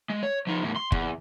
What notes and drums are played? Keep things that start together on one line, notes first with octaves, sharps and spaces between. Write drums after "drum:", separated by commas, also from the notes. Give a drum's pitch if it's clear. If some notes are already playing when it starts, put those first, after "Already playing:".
G#3
C#5
F3 D#4
E2 A2
C6
E2, drum: kick